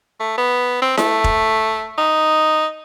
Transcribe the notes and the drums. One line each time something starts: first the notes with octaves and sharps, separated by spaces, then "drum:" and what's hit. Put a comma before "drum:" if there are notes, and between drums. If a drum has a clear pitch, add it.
A3
B3
C4
A3, drum: snare E4
drum: kick F1
D#4